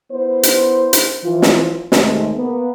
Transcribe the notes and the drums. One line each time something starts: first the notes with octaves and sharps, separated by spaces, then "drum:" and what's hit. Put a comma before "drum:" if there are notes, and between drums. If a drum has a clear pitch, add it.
B3 E4 C5
drum: hi-hat
drum: hi-hat
E3 F3 F4
drum: snare
D#2 C3 G#3 A3, drum: snare
A#3 B3